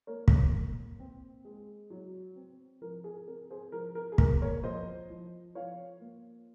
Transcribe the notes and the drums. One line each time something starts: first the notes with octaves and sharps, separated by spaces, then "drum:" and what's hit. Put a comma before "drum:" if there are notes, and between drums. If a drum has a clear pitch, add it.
A#3 A#4 C#5
drum: kick
A#3
C4
G#3
F#3
C4
F3 A#4
G#4
C4 A#4
G#4 C5
F3 A#4
A#4
G#4
A#2 A#4, drum: kick
A#4 C#5
F3 C5 D#5
F3
F3 C#5 F5
A#3